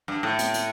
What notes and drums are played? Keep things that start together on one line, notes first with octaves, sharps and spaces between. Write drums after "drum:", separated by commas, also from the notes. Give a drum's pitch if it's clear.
G2
A2
drum: hi-hat
drum: hi-hat